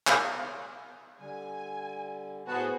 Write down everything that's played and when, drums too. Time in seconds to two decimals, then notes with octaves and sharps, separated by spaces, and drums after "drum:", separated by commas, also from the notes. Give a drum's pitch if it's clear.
0.07 drum: clap
1.20 D3 G3 G#5
2.48 A2 B3 F#4 G#4 B4 C5 A5